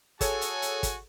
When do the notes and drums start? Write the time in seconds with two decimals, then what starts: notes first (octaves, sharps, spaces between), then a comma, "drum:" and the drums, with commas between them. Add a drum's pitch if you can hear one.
0.21 F#4 G#4 A4 C#5 G#5, drum: kick, hi-hat
0.41 drum: hi-hat
0.62 drum: hi-hat
0.83 drum: kick, hi-hat